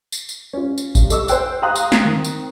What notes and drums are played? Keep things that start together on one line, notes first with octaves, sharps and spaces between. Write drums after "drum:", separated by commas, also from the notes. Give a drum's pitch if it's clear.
drum: tambourine
drum: tambourine
C#4 F4
drum: tambourine
G2, drum: kick A1, tambourine
A4 D#5 C#6 E6, drum: tambourine
C5 C#5 G5 F#6, drum: tambourine
F5 G5 A#5 C6 D#6 F#6
drum: tambourine
drum: snare
D#3 C4
drum: tambourine